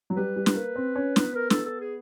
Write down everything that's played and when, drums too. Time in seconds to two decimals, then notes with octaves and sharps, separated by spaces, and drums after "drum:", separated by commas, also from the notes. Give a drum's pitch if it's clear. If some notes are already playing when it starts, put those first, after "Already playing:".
0.10 F#3
0.16 G3 B4
0.36 G3
0.46 B4, drum: snare
0.55 A#3
0.76 C4
0.96 C#4
1.16 B3, drum: snare
1.35 A#4
1.50 A4, drum: snare
1.65 A4
1.80 G#4